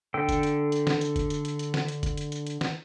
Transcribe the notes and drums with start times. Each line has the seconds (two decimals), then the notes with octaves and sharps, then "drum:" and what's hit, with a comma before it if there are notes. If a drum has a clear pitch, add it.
0.14 D3 A4 G5
0.29 drum: kick F1, hi-hat
0.43 drum: hi-hat
0.72 drum: hi-hat
0.87 drum: snare
1.01 drum: hi-hat
1.16 drum: kick F1, hi-hat
1.30 drum: hi-hat
1.45 drum: hi-hat
1.59 drum: hi-hat
1.74 drum: snare
1.88 drum: hi-hat
2.03 drum: kick F1, hi-hat
2.17 drum: hi-hat
2.32 drum: hi-hat
2.47 drum: hi-hat
2.61 drum: snare